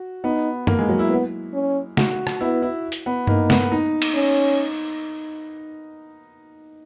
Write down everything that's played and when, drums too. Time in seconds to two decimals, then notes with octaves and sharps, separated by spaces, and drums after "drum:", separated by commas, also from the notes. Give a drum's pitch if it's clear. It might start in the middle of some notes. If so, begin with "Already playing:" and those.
Already playing: F#4
0.24 B3 D#4
0.67 A#3, drum: tom
0.78 G#3
0.89 F#3
0.99 E4
1.10 B3
1.54 C#4
1.97 F#4, drum: snare
2.27 drum: rim click
2.41 B3 E4
2.62 E4
2.92 drum: hi-hat
3.06 B3
3.27 A#3 D#4, drum: tom G2
3.50 B3, drum: snare
3.72 D#4
4.02 drum: cymbal
4.15 C#4